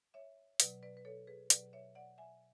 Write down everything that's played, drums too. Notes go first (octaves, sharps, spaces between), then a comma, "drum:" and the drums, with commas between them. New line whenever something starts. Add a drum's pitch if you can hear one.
C#5 E5
B2 F#3 B4 D5, drum: hi-hat
B4 D5
B4
A4 C#5
G#4 B4
B2 F#3 B4 D5, drum: hi-hat
C#5 E5
D5 F#5
E5 G#5